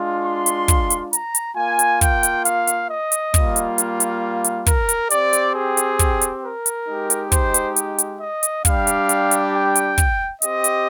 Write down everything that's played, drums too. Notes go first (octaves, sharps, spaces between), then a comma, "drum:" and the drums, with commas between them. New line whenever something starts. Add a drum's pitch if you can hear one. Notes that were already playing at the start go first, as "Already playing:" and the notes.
Already playing: G#3 D4 F4
C6
drum: hi-hat
drum: kick, hi-hat
drum: hi-hat
A#5, drum: hi-hat
drum: hi-hat
A#3 F4 G#5
drum: hi-hat
G5, drum: kick, hi-hat
drum: hi-hat
F5, drum: hi-hat
drum: hi-hat
D#5
drum: hi-hat
G3 A#3 F4, drum: kick, hi-hat
drum: hi-hat
drum: hi-hat
drum: hi-hat
drum: hi-hat
A#4, drum: kick, hi-hat
drum: hi-hat
C4 G4 D5, drum: hi-hat
drum: hi-hat
G#4
drum: hi-hat
drum: kick, hi-hat
drum: hi-hat
A#4
drum: hi-hat
G#3 D#4 G4
drum: hi-hat
C5, drum: kick, hi-hat
drum: hi-hat
drum: hi-hat
drum: hi-hat
D#5
drum: hi-hat
G3 D4 G4 F5, drum: kick, hi-hat
drum: hi-hat
drum: hi-hat
drum: hi-hat
G5
drum: hi-hat
drum: kick, hi-hat
C4 G4 D#5, drum: hi-hat
drum: hi-hat